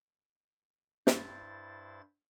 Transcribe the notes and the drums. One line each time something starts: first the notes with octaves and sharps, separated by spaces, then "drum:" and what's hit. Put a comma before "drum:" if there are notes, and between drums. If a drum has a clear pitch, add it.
G2 E4 C5 A6, drum: snare